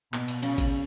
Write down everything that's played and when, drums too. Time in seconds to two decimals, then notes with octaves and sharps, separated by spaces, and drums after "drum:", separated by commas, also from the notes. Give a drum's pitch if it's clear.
0.14 B2, drum: clap
0.28 drum: cymbal
0.43 C#3, drum: cymbal
0.58 drum: kick, cymbal